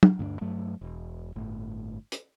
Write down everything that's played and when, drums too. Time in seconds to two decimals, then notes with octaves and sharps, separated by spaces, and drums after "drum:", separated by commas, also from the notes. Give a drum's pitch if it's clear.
0.03 drum: tom
0.19 D2 G2 C4 D4
0.41 G2 F#3 A3
0.81 E1
1.36 G1 A2
2.12 drum: hi-hat